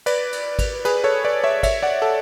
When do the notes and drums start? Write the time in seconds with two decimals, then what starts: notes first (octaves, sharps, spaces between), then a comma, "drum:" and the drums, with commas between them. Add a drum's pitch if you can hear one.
0.06 B4 D5, drum: cymbal
0.33 drum: cymbal
0.59 drum: kick G#1, cymbal
0.85 G#4 B4, drum: cymbal
1.04 A4 C#5
1.24 B4 D5
1.44 C#5 E5
1.63 C#5 E5, drum: kick G#1, cymbal
1.83 D5 F#5
2.02 A4